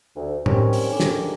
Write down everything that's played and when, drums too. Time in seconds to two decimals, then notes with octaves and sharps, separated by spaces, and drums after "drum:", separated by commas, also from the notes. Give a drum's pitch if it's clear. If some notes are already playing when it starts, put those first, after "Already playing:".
0.16 D2
0.46 D#3 G3 C4 C#4, drum: tom A2
0.73 drum: open hi-hat
0.89 D#2 G#2 D3 D#3 C#4 G4
1.00 drum: snare